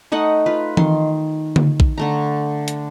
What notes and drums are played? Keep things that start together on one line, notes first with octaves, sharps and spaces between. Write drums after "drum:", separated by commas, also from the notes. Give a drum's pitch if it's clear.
A3 D#4 D#5 F#5
F4 B4
D#3 C6, drum: tom E3
drum: tom D3
drum: kick A#1
D3 A3 A#5
drum: hi-hat